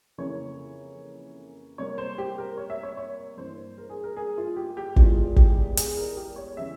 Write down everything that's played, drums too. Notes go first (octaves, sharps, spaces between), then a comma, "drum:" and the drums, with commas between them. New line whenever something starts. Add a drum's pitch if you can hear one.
F2 C#3 E3 A#3 C#5
C3 G3 A#3 C#5
C5
G4
A#4
C#5
E5
C#5
C#5
G2 E3 A#3 C5
A#4
G#4
A#4
G#4
F4
G4
G4
E2 E3 G#3 F4, drum: kick
G4, drum: kick
G4
G#4, drum: hi-hat
G#4
A#4
G4
C#5
C#3 E3 E5